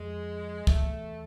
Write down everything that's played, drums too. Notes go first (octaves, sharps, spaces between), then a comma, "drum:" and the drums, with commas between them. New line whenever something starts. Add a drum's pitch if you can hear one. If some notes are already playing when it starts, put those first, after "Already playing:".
Already playing: F2 G#3
E2 A3, drum: kick